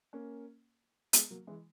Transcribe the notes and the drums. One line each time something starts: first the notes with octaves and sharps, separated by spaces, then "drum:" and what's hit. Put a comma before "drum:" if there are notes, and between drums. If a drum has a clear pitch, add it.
A#3 C#4
G#3 B3, drum: hi-hat
F#3 A#3
E3 G#3